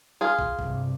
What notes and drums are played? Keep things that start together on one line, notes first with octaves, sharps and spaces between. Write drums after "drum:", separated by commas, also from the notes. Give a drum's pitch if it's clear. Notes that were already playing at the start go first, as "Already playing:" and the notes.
F4 G#4
drum: kick
G2 C3, drum: kick